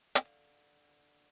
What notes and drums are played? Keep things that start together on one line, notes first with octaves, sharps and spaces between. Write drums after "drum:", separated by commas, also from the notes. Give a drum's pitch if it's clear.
D3 F5, drum: hi-hat